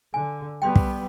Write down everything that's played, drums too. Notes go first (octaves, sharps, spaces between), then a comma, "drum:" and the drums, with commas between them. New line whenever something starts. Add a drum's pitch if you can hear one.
D3 G#5
G3 B3 G5 C6
drum: kick